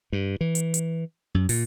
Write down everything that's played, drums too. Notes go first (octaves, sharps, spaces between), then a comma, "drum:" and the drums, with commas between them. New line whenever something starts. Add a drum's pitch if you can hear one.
G2
E3
drum: hi-hat
drum: hi-hat
F#2
A#2, drum: open hi-hat